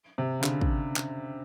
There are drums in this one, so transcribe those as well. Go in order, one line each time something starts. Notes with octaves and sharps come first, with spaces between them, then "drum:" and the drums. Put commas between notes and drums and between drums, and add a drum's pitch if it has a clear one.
C3
C#3
D3, drum: clap
drum: kick
drum: clap